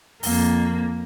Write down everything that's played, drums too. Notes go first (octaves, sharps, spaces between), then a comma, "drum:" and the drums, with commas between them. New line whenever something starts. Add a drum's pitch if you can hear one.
F2 A#3, drum: open hi-hat